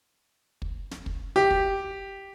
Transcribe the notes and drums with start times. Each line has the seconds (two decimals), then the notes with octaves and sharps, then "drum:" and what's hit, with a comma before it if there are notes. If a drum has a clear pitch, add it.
0.62 drum: kick
0.91 drum: snare
1.06 drum: kick
1.36 G4
1.51 drum: kick